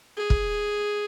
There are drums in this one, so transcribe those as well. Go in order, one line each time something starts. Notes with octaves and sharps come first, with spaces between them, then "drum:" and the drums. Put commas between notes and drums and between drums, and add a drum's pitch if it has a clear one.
G#4
drum: kick